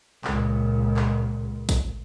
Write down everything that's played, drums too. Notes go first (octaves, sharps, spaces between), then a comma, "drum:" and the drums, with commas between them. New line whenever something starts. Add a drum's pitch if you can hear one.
C#2 A#2, drum: clap
drum: clap
drum: kick A1, hi-hat